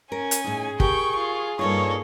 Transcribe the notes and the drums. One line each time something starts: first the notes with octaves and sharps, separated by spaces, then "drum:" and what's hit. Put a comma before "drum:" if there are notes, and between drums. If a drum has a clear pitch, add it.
C#4 A#4 G#5
drum: hi-hat
A2 D#4 G#4
G4 A#4 G5 C#6, drum: kick G1
F4
G2 A#3 D#4 F4 A4 C#5